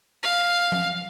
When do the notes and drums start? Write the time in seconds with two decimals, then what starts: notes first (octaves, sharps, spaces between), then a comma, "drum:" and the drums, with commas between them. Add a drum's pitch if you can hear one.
0.23 F5
0.72 drum: tom F3